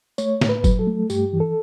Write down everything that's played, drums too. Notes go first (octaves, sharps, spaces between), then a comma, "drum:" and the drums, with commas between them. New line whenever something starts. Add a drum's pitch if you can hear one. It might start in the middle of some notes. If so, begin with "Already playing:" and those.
A3 C#5, drum: tambourine
A2, drum: snare
B4
F#3, drum: kick F#1, tambourine
A4
A3
G2 G4, drum: tambourine
E3
A4